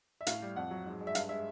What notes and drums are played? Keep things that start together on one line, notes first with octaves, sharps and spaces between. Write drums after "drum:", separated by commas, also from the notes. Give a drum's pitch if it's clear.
E5
A2 F5, drum: hi-hat
G3
F2 F#5
F#3
G#2
G#3
E5
G2 F5, drum: hi-hat
G#3 E5